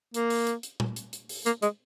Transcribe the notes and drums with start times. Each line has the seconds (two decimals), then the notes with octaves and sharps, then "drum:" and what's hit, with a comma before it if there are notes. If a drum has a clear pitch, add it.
0.14 A#3, drum: hi-hat
0.30 drum: open hi-hat
0.47 drum: hi-hat
0.63 drum: hi-hat
0.80 drum: tom A#2
0.96 drum: hi-hat
1.13 drum: hi-hat
1.29 drum: open hi-hat
1.46 A#3, drum: hi-hat
1.62 G#3, drum: hi-hat